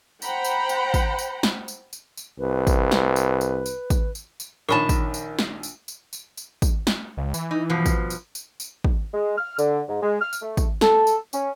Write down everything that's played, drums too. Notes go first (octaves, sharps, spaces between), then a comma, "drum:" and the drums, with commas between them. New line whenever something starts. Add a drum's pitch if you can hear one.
C5 F#5 G5 A#5 B5, drum: tambourine
drum: tambourine
drum: tambourine
drum: kick, tambourine
drum: tambourine
drum: snare
drum: tambourine
drum: tambourine
drum: tambourine
C2 B4
drum: kick, tambourine
drum: snare
drum: tambourine
drum: tambourine
drum: tambourine
drum: kick, tambourine
drum: tambourine
drum: tambourine
A#1 D#3 A#4 C#5 A5 B5 C#6
drum: kick, tambourine
drum: tambourine
drum: snare
drum: tambourine
drum: tambourine
drum: tambourine
drum: tambourine
drum: kick, tambourine
drum: snare
C#2
E3, drum: tambourine
D#4
G2 B2 F3
drum: kick, tambourine
drum: tambourine
drum: tambourine
drum: tambourine
drum: kick
G#3
F6
D3, drum: tambourine
G#2
G#3
F6
drum: tambourine
A3
drum: kick, tambourine
A4, drum: snare
drum: tambourine
C#4, drum: tambourine